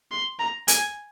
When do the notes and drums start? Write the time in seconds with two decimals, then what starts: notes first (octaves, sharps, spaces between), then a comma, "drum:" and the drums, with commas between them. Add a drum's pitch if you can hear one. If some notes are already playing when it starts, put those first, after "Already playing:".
0.11 C6
0.39 A#5
0.68 G#5, drum: hi-hat